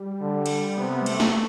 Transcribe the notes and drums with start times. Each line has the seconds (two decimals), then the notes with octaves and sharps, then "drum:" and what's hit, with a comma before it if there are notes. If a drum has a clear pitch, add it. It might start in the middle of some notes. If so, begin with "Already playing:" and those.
Already playing: G3
0.21 D3
0.46 drum: cymbal
0.77 C3 B3
1.02 G3
1.06 A3, drum: cymbal
1.20 drum: snare